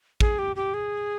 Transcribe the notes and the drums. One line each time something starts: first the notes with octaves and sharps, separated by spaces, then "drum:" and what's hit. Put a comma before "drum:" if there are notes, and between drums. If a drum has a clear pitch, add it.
G#4, drum: kick
G4
G4
G#4